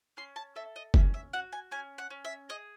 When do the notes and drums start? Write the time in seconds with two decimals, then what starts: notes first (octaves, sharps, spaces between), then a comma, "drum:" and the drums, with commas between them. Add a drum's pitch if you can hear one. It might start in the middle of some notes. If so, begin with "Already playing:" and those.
0.17 C#4 C6
0.36 A5
0.56 A4 E5
0.76 D#5
0.94 C#4 E5, drum: kick F#1
1.14 E5
1.33 F#4 F#5
1.52 G#5
1.71 C#4 G#5
1.98 F#5
2.10 C#4
2.25 E5
2.49 G#4 D#5